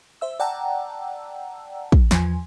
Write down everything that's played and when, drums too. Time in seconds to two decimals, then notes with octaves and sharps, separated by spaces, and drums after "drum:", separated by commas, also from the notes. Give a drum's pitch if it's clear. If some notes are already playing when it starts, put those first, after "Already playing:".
0.21 C5 E5 E6
0.40 D5 F#5 G5 A5 A#5 E6
1.92 drum: kick
2.11 E2 F3 G#5, drum: snare